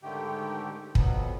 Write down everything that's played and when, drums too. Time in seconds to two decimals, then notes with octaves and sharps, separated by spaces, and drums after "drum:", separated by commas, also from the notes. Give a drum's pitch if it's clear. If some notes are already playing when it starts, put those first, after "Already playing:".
0.03 G#2 D3 D#3 A3 G4 G5
0.95 F2 B2 F#3 B3, drum: kick